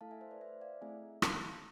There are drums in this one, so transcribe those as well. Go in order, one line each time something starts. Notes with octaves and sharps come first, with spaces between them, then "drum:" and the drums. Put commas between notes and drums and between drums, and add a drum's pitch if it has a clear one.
A3 E4 A4 F5 A5
E5 G#5
C5 E5
B4 D5
C5 E5
D5 F5
A3 C4 E4 G#4 E5 G#5
F5 A5, drum: rim click